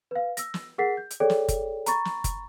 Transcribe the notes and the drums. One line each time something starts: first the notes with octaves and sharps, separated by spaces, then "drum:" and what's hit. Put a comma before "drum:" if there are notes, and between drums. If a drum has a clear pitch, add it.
B4 F5
E6 A#6, drum: hi-hat
drum: snare
G#4 A#4 F#5 A6 B6 C7
G6
drum: hi-hat
G#4 A4 C#5 D5 G5
drum: snare
drum: kick F#1, hi-hat
A#5 B5 C#6 A6, drum: hi-hat
drum: snare
drum: kick F#1, hi-hat